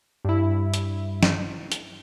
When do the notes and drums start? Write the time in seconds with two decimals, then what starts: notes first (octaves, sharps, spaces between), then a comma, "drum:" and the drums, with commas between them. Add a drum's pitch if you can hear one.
0.25 G2 E4
0.74 drum: hi-hat
1.23 drum: snare
1.72 drum: hi-hat